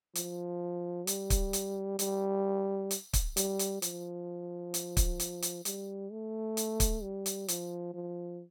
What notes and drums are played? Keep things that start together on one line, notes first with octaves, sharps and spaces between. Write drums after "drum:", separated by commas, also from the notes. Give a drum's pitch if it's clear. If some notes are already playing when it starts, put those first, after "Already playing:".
F3, drum: hi-hat
G3, drum: hi-hat
drum: kick, hi-hat
drum: hi-hat
G3, drum: hi-hat
drum: hi-hat
drum: kick, hi-hat
G3, drum: hi-hat
drum: hi-hat
F3, drum: hi-hat
drum: hi-hat
drum: kick, hi-hat
drum: hi-hat
drum: hi-hat
G3, drum: hi-hat
A3
drum: hi-hat
drum: kick, hi-hat
G3
drum: hi-hat
F3, drum: hi-hat
F3